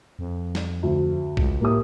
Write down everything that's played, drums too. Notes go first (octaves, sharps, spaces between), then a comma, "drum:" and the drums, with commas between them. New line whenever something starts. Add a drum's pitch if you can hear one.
F2
drum: snare
D2
C#2, drum: kick
A2 A#3 G4 D#6